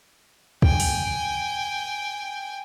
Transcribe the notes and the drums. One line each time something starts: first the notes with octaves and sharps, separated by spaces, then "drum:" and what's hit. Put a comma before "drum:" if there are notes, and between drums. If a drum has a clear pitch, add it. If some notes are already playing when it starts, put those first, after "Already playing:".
G5 G#5, drum: kick
drum: open hi-hat